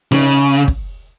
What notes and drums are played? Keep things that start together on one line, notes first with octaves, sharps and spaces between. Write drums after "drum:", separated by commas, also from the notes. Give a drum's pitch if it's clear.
C#3, drum: snare
drum: kick